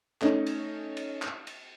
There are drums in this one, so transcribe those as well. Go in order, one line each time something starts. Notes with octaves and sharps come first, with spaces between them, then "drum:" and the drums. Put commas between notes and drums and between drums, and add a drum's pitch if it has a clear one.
A3 C#4 D#4, drum: clap
drum: cymbal
drum: cymbal
drum: clap
drum: cymbal